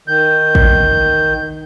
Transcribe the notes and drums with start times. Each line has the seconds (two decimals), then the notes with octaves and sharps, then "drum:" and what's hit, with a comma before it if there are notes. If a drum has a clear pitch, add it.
0.08 D#3 G6
0.55 drum: kick